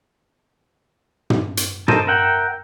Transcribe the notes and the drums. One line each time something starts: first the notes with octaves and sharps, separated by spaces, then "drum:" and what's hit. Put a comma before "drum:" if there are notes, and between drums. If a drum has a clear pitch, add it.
drum: tom
drum: hi-hat
A4 A#4 C5 D#5, drum: tom
A#4 E5 F#5 G5